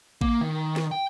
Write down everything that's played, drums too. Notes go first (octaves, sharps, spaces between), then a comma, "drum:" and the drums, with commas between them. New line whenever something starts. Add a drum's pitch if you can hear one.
A#3, drum: kick A1
D#3
drum: snare
G5